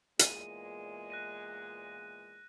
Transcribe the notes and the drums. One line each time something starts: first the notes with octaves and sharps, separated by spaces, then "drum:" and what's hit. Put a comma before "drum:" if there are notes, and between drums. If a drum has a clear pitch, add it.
E2 A#2 G#3 D#7, drum: hi-hat
F#6 A#6 D#7